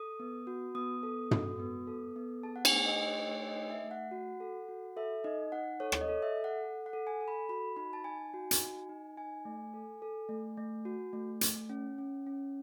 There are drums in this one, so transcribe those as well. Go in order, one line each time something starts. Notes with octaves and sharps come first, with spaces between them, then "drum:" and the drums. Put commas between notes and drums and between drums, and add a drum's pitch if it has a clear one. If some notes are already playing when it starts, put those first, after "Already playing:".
Already playing: A4 D#6
B3
F#4
B3 D#6
A4
F#4, drum: tom
B3
A4
B3
G#4 A5
F#5
G#5, drum: cymbal
A3
D#5
A3 D#5
C#5
A3 C#5
D#5
D#4
E5
A3
F#5
F#4
A4
F#4
A4 E5
D#4 D#5
D#4 F#5
A4 C#5
C#5, drum: rim click
D#5
A4
E5
A4
F#5
A4
F#5
A4
G#5
A4
B5
F#4 B5
D#4 B5
A5
D#4 G#5
F#4
drum: hi-hat
D#4
D#4
D#4 G#5
A3
A4
A4
A3
A3
F#4
A3
A3, drum: hi-hat
C#4
C#4
C#4